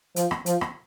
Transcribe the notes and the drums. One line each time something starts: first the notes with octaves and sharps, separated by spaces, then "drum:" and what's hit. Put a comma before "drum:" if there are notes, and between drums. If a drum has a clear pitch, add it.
F3, drum: hi-hat
drum: rim click
F3, drum: hi-hat
drum: rim click